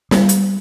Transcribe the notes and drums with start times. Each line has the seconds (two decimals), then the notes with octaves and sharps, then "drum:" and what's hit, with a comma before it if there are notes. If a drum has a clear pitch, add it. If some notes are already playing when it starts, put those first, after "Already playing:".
0.11 G3, drum: snare
0.29 drum: hi-hat